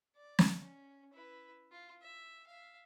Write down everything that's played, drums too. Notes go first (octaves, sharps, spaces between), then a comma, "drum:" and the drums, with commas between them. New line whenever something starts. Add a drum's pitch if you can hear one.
D5
drum: snare
C#4
E4 B4
F4
E5
E5 F5